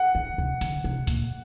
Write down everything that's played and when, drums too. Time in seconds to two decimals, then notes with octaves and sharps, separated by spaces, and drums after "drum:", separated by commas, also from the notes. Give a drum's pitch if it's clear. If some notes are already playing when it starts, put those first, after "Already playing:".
Already playing: F#5
0.15 D#3
0.38 C3, drum: kick C#2
0.61 D3, drum: hi-hat
0.84 C3
1.07 A#2, drum: kick C#2, hi-hat